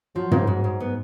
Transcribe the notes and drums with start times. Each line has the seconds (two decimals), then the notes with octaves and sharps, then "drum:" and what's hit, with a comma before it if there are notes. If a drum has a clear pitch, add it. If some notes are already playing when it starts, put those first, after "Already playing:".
0.15 F3 F#3
0.32 G#2, drum: tom
0.47 G#2 F#3
0.64 G#2
0.80 B3